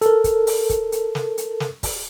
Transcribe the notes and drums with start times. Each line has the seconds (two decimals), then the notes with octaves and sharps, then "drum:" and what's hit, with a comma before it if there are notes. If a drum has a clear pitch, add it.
0.01 A4 A#4, drum: hi-hat
0.24 drum: kick, hi-hat
0.47 drum: open hi-hat
0.70 drum: kick, hi-hat
0.92 drum: hi-hat
1.15 drum: snare
1.38 drum: hi-hat
1.60 drum: snare
1.83 drum: kick, open hi-hat